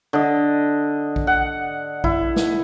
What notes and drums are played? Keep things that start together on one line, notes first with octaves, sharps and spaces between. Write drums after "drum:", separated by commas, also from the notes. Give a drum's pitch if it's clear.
D3 D#5
drum: kick A#1
F#5
E4, drum: kick A#1
drum: snare